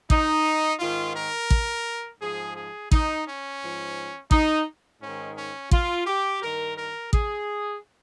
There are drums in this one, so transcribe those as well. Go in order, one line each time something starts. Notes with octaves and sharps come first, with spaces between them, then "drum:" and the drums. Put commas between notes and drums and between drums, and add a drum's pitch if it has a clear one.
D#4, drum: kick
G#2 D#3 F4
A#4
drum: kick
G#2 F3 G#4
G#4
D#4, drum: kick
C#4
G#2 F3
D#4, drum: kick
G#2 D#3 C#4
C#4
F4, drum: kick
G4
G2 D#3 A#4
A#4
G#4, drum: kick